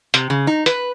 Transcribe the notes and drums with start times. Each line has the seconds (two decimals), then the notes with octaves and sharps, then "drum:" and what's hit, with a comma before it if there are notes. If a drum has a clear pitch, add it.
0.14 C3, drum: hi-hat
0.30 C#3
0.47 D#4
0.66 B4, drum: hi-hat